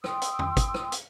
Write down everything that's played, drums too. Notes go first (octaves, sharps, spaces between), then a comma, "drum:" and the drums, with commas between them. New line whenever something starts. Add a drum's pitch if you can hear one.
G5 C6 D#6 E6, drum: rim click
drum: hi-hat
drum: tom F2
drum: kick, hi-hat
drum: rim click
drum: hi-hat